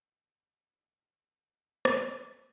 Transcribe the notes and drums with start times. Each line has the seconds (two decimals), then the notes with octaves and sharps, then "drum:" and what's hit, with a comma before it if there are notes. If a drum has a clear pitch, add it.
0.72 A3 D#4 E4 C5 D5 E5
1.85 drum: rim click